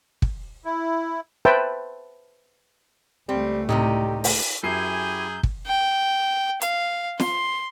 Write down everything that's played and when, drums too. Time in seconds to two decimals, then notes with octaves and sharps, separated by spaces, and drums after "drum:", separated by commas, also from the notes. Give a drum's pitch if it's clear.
0.22 drum: kick
0.65 E4
1.45 B4 C5 E5 G5 A5
3.29 C#2 G3 A3 C4
3.69 A2 C3 G3 D#4 G4
4.24 drum: open hi-hat
4.63 F#2 E4 G4 G#4 G#5 G6 C7
5.43 drum: kick
5.66 G5
6.62 F5, drum: hi-hat
7.20 C6, drum: snare